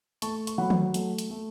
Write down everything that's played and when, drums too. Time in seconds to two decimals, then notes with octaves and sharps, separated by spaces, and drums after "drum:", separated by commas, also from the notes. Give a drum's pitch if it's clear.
0.22 A3 A5 C#6, drum: hi-hat
0.47 C#6, drum: hi-hat
0.58 F#3 F#5 B5
0.70 drum: tom D#3
0.94 A3, drum: hi-hat
1.18 drum: hi-hat
1.30 A3